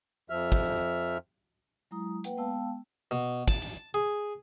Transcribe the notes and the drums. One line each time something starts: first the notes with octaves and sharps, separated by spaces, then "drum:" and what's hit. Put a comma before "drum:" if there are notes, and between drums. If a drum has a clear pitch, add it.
F2 F3 E5 F6
drum: kick
F#3 G#3 E4 A#5 D#6
A#3 B4 F#5 G5, drum: hi-hat
G#3 B3 F5 G5 A5 E6
B2
A5, drum: kick
drum: hi-hat
G#4